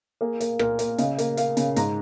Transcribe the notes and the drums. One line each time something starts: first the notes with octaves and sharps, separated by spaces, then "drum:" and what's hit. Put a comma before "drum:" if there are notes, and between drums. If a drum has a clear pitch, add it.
A#3 G#4
A#3, drum: hi-hat
A#2 A#4, drum: rim click
A#3, drum: hi-hat
C#3 D#5, drum: hi-hat
A#3, drum: hi-hat
A#3 F5, drum: hi-hat
C#3, drum: hi-hat
G#2 A#5, drum: hi-hat